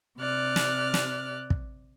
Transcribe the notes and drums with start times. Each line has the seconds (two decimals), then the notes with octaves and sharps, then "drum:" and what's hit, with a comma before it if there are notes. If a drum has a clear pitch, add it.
0.18 C3 D5 F6 F#6
0.56 drum: snare
0.94 drum: snare
1.50 drum: kick